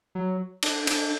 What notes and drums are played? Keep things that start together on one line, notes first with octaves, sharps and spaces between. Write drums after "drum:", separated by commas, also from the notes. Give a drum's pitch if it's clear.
F#3
D4, drum: cymbal
D4, drum: cymbal